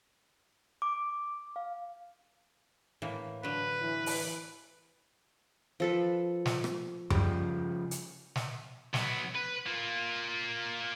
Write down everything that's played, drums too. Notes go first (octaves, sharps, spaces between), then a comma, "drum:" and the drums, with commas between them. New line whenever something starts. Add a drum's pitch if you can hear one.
D6
F5
A2 E3 A#3
D3 F#3 B4
E3
drum: open hi-hat
F3 A4 B4
drum: snare
drum: rim click
C#3 F3 G3, drum: tom F#2
drum: hi-hat
drum: snare
F#3 B3, drum: snare
B4
A#3 F4